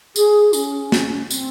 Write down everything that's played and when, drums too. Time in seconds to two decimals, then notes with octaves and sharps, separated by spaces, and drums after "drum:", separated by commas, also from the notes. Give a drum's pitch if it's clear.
0.16 G#4, drum: tambourine
0.53 C#4, drum: tambourine
0.92 drum: snare
1.30 C4, drum: tambourine